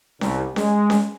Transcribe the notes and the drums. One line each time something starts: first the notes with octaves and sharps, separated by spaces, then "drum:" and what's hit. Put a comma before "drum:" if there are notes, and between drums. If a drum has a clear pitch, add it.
C2, drum: snare C#4
G#3, drum: snare C#4
drum: snare C#4